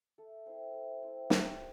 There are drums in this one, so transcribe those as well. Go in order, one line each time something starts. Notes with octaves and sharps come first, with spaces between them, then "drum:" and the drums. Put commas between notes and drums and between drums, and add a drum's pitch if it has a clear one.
A3 A4
C4 E4 C5
A3
C4 E4
G3 C5, drum: snare